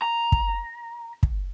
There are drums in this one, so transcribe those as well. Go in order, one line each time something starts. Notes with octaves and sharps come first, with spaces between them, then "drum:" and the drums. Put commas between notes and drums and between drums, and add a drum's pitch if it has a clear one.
A#5
drum: kick
drum: kick